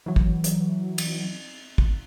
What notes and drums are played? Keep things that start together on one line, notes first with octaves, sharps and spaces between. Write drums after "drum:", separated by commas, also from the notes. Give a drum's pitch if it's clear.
E3 F#3
drum: kick
drum: hi-hat
drum: cymbal
drum: kick